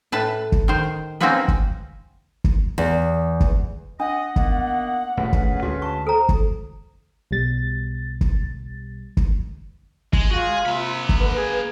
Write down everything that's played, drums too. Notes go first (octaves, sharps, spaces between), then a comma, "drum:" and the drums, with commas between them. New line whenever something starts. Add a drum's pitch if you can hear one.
A2 B4 A5
drum: kick
D#3 C5
A#3 C4 C#4 D#4 F#4 B4
drum: kick
drum: kick
E2
drum: kick
D4 D#5 F#5
D#3 A#3 B3, drum: kick
D#1 D2 A2 C#3 C#4 B4
drum: kick
D2 D3 G#3 F#4
A5 C#6
A4 C5 A#5
drum: kick
B1 B2 G3 A6
drum: kick
drum: kick
G#3, drum: kick
F4 F#4 G#4
G#3
C3 A#3 B5
drum: kick
D3 B4
G#4